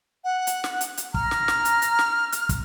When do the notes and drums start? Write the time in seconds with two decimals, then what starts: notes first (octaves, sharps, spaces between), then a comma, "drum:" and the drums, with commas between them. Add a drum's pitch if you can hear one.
0.24 F#5
0.47 drum: hi-hat
0.64 drum: snare
0.81 drum: hi-hat
0.97 drum: hi-hat
1.14 A#5 F6, drum: kick
1.31 drum: snare
1.48 drum: snare
1.65 drum: hi-hat
1.82 drum: hi-hat
1.99 drum: snare
2.32 drum: hi-hat
2.49 drum: kick, hi-hat